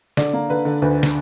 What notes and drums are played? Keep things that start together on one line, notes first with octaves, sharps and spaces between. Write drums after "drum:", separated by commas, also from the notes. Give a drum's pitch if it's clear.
D3 D5, drum: snare
A#3
D3 B4
D3
D2 B4
drum: snare